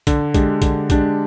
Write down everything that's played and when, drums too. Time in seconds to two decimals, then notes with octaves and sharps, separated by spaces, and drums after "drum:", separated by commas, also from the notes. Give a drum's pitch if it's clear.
0.07 D3, drum: kick, hi-hat
0.34 G#3 D4 G4, drum: kick, hi-hat
0.62 D3, drum: kick, hi-hat
0.90 G#3 D4 G4, drum: kick, hi-hat